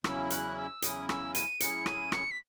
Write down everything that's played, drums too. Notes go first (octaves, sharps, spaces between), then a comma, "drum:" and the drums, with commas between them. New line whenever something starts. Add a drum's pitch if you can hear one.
E2 C#3 F#3 C#4 E4 E6, drum: rim click
E6
F#6, drum: hi-hat
E6
E2 C#3 F#3 C#4 E4 D#6, drum: hi-hat
E6, drum: rim click
D#7, drum: hi-hat
A2 F#3 C#4 E4 G#4 C#7, drum: hi-hat
D#7, drum: rim click
C#7, drum: rim click
B6